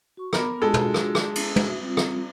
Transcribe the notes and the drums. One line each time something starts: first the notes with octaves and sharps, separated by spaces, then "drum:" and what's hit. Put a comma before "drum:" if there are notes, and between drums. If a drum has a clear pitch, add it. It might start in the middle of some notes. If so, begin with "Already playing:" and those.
F#4 C#6
B3 A#4 B5 D6, drum: rim click
G#3 D4 F4 F#4 A4
drum: tom
drum: rim click
drum: rim click
drum: cymbal
F#4 E5, drum: tom
G3 C4 F4
drum: rim click